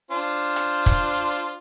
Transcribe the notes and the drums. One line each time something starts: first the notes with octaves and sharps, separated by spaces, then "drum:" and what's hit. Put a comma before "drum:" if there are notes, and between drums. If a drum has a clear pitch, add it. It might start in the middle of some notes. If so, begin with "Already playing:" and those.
D4 F4 C5
drum: hi-hat
drum: kick, hi-hat